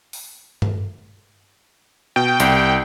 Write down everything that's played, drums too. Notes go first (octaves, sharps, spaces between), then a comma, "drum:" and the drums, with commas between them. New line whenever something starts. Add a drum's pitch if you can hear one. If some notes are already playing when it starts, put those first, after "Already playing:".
drum: open hi-hat
drum: tom G2
B2 G5
C2, drum: hi-hat